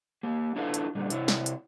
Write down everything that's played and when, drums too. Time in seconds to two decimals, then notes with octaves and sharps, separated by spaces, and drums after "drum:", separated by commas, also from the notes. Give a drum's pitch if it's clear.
0.23 A#3 G4
0.56 D4 E4 F4 A4 B4 F5
0.74 drum: hi-hat
0.95 A#2 D3 G3
1.10 C3 E4 C#5, drum: hi-hat
1.28 drum: snare
1.46 drum: hi-hat